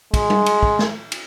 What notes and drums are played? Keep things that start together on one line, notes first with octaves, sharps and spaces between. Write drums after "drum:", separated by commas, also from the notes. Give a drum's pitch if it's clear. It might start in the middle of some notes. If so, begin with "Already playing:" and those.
G#3, drum: kick, cymbal
drum: tom G3
drum: cymbal
drum: kick
drum: snare
drum: cymbal